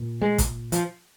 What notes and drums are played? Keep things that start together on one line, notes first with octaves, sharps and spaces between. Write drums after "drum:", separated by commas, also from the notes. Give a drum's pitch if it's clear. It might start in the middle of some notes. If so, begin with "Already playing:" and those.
Already playing: A#2
G#3
drum: kick, hi-hat
F3, drum: hi-hat